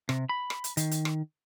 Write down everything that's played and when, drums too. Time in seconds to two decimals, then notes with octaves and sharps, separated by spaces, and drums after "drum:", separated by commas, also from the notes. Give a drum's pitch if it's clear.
0.09 C3, drum: rim click
0.29 B5
0.50 drum: rim click
0.64 drum: hi-hat
0.77 D#3, drum: hi-hat
0.91 drum: hi-hat
1.05 drum: rim click